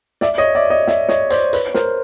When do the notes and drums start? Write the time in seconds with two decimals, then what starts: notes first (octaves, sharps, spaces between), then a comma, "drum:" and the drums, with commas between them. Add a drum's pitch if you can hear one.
0.21 D5 E5, drum: snare
0.38 C#5 D#5
0.55 D5 E5
0.70 C#5 D#5
0.88 D5 E5, drum: snare
1.09 C#5 D#5, drum: snare
1.30 C5 D5, drum: hi-hat
1.53 B4 C#5, drum: hi-hat
1.74 A#4 C5, drum: snare